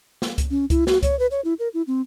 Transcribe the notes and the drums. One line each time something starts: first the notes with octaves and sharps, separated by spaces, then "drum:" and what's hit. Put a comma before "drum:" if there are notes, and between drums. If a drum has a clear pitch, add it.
drum: snare
drum: kick C#2, hi-hat
C#4
E4, drum: kick C#2, hi-hat
F#4, drum: snare
C#5, drum: kick C#2, hi-hat
B4
C#5
E4
A#4
E4
C4